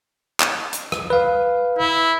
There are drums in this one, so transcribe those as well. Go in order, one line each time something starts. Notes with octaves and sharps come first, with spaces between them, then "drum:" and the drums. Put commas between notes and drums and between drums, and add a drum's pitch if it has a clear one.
drum: clap
drum: hi-hat
drum: rim click
B4 F5
E4